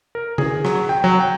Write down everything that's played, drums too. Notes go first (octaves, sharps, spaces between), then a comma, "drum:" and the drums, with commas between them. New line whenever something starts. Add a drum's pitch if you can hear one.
A#4
G#4, drum: tom D3
F#3, drum: rim click
G5
F#3
G5